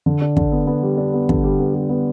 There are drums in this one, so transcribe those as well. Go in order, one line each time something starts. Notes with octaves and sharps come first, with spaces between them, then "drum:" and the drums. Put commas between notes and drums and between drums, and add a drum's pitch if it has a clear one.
D3
D4
D3, drum: kick
B3
B3
G3
D4
B3
D3, drum: kick
G3
B3
G3
B3